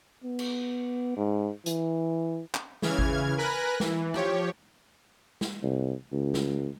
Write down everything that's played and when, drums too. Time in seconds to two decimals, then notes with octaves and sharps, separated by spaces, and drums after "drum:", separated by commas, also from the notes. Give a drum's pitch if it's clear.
0.24 B3
0.39 drum: cymbal
1.16 G#2
1.66 E3, drum: hi-hat
2.54 drum: clap
2.82 C#3 E3 F6 G#6, drum: snare
2.99 drum: kick G#1
3.37 A#4 B4 G#5 B5 F#6 A#6
3.80 E3, drum: snare
4.14 F3 G4 C#5, drum: rim click
5.41 drum: snare
5.63 C2
6.12 C#2
6.34 drum: snare